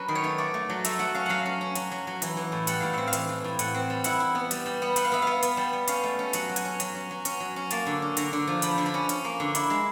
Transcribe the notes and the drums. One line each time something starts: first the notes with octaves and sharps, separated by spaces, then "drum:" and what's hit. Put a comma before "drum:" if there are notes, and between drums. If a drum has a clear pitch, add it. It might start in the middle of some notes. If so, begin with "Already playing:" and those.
Already playing: F#3 C#4 B4
D#3
C#5
A3
A3 D5
A3
F#3
A3 E5, drum: hi-hat
F#3 F#5
C#4 F5
F#3 F5 F#5
C#4
C#4
F#3, drum: hi-hat
F#3
F#3
E3, drum: hi-hat
E3
A2
G3 F#5, drum: hi-hat
A2 F5
C4 E5
F5
E3, drum: hi-hat
E3
A2
A2 F#5, drum: hi-hat
C4
G3
E4 F#5, drum: hi-hat
E4
B3
G3, drum: hi-hat
G3
B3
B3 F#5, drum: hi-hat
F5
B3 E5
B3 F5
B3, drum: hi-hat
G3
B3
C#4 F5, drum: hi-hat
A3
C#4
F#3 F#5, drum: hi-hat
F#3
G#5, drum: hi-hat
C#4
F#3, drum: hi-hat
C#4
F#3
C#4, drum: hi-hat
F#3
C#4
A#3 A5, drum: hi-hat
D3
C#4
D3 A#5, drum: hi-hat
D3
F3
F3 B5, drum: hi-hat
D3
B5
C#4
C#4, drum: hi-hat
A#3
D3
E4, drum: hi-hat
G#3